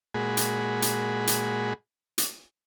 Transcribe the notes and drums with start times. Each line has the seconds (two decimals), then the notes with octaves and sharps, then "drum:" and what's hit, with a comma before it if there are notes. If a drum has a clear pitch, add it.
0.14 A#2 G#3 F#4 G#4 B5
0.37 drum: hi-hat
0.82 drum: hi-hat
1.27 drum: hi-hat
2.18 drum: hi-hat